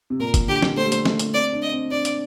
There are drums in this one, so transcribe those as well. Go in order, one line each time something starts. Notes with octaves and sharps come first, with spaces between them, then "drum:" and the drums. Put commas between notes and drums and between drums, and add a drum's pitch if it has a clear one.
C3
A#2 A#4
drum: kick F#1, hi-hat
D3 G4
drum: snare
A3 C5
G3
A3, drum: hi-hat
A3, drum: snare
drum: hi-hat
C4 D5
D4
D#5
C4
D4 D5
drum: hi-hat